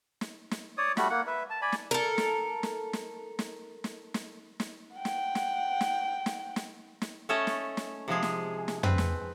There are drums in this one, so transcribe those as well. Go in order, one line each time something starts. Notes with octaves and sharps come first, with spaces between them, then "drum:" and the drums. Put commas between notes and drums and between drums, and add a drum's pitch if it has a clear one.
drum: snare
drum: snare
C#5 D5 D#6
G3 A3 F#4 B5, drum: snare
A#3 F#5
B4 E5
A5
D5 G#5 B5
drum: snare
A4 A#4
drum: snare
drum: snare
drum: snare
drum: snare
drum: snare
drum: snare
drum: snare
F#5 G5
drum: snare
drum: snare
drum: snare
drum: snare
drum: snare
drum: snare
A3 C#4 A4 C#5 D#5 E5
drum: snare
drum: snare
C3 F3 G#3 G#4
drum: snare
drum: snare
C4 B4, drum: tom
drum: snare